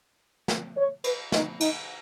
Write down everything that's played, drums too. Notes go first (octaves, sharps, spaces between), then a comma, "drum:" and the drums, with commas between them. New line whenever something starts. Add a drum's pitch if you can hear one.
drum: snare
C#5
B4, drum: cymbal
D#4, drum: snare
D#4, drum: cymbal